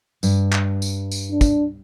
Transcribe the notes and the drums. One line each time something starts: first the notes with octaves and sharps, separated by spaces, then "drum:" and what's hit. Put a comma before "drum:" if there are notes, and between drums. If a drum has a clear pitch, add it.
G2, drum: tambourine
drum: clap
drum: tambourine
drum: tambourine
D4
drum: kick, tambourine